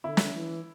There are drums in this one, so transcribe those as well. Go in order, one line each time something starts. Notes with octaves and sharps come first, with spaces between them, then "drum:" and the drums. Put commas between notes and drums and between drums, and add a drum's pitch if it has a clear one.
D3 E4
drum: snare
E3